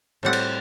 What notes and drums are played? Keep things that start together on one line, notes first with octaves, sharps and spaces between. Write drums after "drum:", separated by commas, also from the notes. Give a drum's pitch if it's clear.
A2 G3 C4 F#5
drum: cymbal